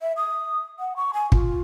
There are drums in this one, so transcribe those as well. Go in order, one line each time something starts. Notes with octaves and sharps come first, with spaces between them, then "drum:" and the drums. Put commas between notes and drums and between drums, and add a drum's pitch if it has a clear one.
E5
D#6
F#5
C#6
G#5
F4, drum: kick